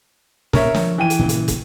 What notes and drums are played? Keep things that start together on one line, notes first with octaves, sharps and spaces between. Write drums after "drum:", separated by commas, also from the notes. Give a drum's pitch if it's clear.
A#2 C#3 B3 A#4 C#5 E5, drum: snare
F3, drum: snare
E3 G5 D#7
drum: hi-hat
G2 A#2 C#3
drum: hi-hat
drum: kick, hi-hat